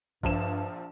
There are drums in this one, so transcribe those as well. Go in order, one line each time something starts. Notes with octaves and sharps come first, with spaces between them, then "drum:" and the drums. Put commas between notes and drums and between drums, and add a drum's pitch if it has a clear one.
A#1 G2 F3 E7, drum: kick